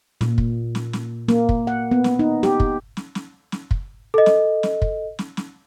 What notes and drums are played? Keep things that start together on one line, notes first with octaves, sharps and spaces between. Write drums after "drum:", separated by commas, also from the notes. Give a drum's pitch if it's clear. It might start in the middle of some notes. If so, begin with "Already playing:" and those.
A#2, drum: snare
drum: kick
drum: snare
drum: snare
A#3, drum: snare
drum: kick
F#5
B3
drum: snare
D#4
G4, drum: snare
drum: kick
drum: snare
drum: snare
drum: snare
drum: kick
A4 D#5
drum: snare
drum: snare
drum: kick
drum: snare
drum: snare